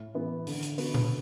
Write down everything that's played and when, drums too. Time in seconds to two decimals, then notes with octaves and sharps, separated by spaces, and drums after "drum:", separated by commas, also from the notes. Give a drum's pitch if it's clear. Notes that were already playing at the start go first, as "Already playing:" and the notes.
Already playing: A2
0.14 E3 B3
0.47 D3, drum: open hi-hat
0.62 drum: hi-hat
0.78 B3 F#4, drum: open hi-hat
0.94 drum: tom A#2